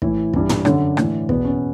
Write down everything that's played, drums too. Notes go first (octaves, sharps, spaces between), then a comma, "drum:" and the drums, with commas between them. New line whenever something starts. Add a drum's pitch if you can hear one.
A2 E3 E4, drum: kick
G2 E3, drum: kick
drum: tom
F#2 D3 D4, drum: rim click
A2 E3, drum: rim click
E2 B2 B3, drum: kick
C#4